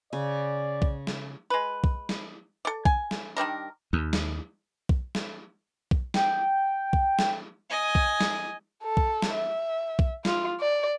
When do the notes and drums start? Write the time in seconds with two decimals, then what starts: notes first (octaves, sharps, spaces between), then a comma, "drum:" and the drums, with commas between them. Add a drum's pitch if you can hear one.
0.13 C#3 D5
0.82 drum: kick B1
1.07 drum: snare
1.50 G#3 B4
1.84 drum: kick B1
2.09 drum: snare
2.65 A4 D5
2.85 G#5, drum: kick B1
3.11 drum: snare
3.37 D#3 G3 D4 A#4
3.93 D#2
4.13 drum: snare
4.89 drum: kick B1
5.15 drum: snare
5.91 drum: kick B1
6.14 G5, drum: snare
6.93 drum: kick B1
7.19 drum: snare
7.70 D#5 G#5
7.95 drum: kick B1
8.21 drum: snare
8.84 A4
8.97 drum: kick B1
9.22 drum: snare
9.34 E5
9.99 drum: kick B1
10.25 F4, drum: snare
10.61 D5